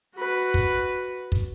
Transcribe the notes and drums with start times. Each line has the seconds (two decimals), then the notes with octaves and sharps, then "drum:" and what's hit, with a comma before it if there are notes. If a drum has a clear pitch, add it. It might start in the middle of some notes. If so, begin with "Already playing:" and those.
0.15 F#4 B4
0.54 drum: kick
1.32 drum: kick